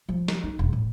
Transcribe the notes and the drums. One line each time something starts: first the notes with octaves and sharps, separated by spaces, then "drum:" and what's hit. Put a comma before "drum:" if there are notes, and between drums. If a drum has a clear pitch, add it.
F3
drum: snare
D#4
E1
A2